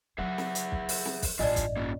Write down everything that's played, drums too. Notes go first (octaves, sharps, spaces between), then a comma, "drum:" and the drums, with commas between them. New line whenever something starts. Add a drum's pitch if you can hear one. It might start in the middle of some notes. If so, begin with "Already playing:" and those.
C#3 F#3 G#4 E5 F#5
drum: snare
drum: hi-hat
drum: kick
drum: open hi-hat
drum: snare
drum: kick, open hi-hat
A1 G2 F4 D5 D#5 G#5 A5
drum: kick, hi-hat
A#3 C#4 F4